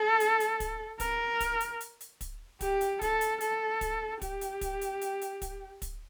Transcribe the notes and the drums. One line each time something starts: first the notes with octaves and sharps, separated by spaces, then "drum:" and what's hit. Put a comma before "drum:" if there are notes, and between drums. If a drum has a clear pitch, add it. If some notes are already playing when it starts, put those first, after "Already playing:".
Already playing: A4
drum: hi-hat
drum: hi-hat
drum: kick, hi-hat
A#4, drum: kick, hi-hat
drum: kick, hi-hat
drum: hi-hat
drum: hi-hat
drum: hi-hat
drum: kick, hi-hat
G4, drum: kick, hi-hat
drum: hi-hat
A4, drum: kick, hi-hat
drum: hi-hat
A4, drum: hi-hat
drum: kick, hi-hat
G4, drum: kick, hi-hat
drum: hi-hat
drum: kick, hi-hat
drum: hi-hat
drum: hi-hat
drum: hi-hat
drum: kick, hi-hat
drum: kick, hi-hat